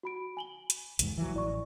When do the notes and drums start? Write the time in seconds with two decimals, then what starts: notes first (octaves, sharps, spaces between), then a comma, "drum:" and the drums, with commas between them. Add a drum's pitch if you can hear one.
0.03 F#4 B5 D7
0.37 G#5 F#7 G7
0.70 drum: hi-hat
0.99 B1 E2 G#2, drum: hi-hat
1.18 E3 F#3
1.34 A1 E4 D5 C#6